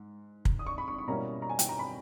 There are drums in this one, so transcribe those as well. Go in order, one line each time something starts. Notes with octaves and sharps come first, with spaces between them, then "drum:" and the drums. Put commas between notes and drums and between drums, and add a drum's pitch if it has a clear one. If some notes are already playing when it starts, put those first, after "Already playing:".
Already playing: G#2
drum: kick
D#6
C#6
B5
C#6
C#6
B2 G3 A#3 C#4 E4 A#5
A#5
G#5
G5, drum: hi-hat
A#5
B5